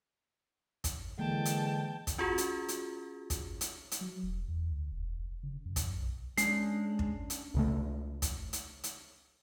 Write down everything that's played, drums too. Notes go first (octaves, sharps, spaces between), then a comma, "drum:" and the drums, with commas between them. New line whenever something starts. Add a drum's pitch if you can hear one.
drum: kick, hi-hat
D3 E3 G#3 A#3 G5 A5
drum: hi-hat
drum: kick, hi-hat
C#4 F4 F#4 G#4
drum: hi-hat
drum: hi-hat
drum: kick, hi-hat
drum: hi-hat
drum: hi-hat
F#3
E1
E2
D2
E1
F1
C#3
F#2
drum: kick, hi-hat
B1
G#3 C#4 D4 C7, drum: hi-hat
drum: kick
drum: hi-hat
C#2 C#3 A3
drum: kick, hi-hat
drum: hi-hat
drum: hi-hat